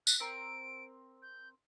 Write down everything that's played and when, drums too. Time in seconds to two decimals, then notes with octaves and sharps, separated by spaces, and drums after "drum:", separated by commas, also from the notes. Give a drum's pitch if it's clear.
0.07 F#6, drum: tambourine
0.20 C4 A#4 D7
1.22 G6